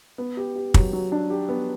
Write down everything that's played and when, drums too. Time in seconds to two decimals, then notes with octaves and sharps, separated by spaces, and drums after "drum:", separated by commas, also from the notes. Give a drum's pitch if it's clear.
0.18 B3
0.37 G4
0.56 G4
0.74 F#3, drum: kick
0.93 F#3
1.12 D4
1.30 G4
1.49 B3